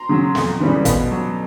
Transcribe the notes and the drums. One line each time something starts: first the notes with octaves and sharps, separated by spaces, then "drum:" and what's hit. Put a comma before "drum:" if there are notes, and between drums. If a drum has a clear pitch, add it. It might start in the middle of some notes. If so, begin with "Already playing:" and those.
Already playing: A#5 C6
C#3 F#3
F2, drum: snare
C#3 E3 G3
B2, drum: kick, hi-hat
F#3